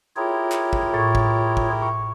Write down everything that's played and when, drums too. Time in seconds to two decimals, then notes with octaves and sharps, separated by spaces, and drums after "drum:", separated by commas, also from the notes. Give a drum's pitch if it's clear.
0.17 E4 F4 G4 G#4 A#4 C#5
0.52 drum: clap
0.73 drum: kick
0.94 A2 C#6 G#6 A6
1.15 drum: kick
1.57 drum: kick
1.82 C#6